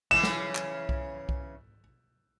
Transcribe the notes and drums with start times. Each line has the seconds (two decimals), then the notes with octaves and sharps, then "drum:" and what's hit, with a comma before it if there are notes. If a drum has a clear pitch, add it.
0.11 C#3 E3 C#4 E7
0.23 drum: snare
0.55 drum: clap
0.89 drum: kick B1
1.29 drum: kick B1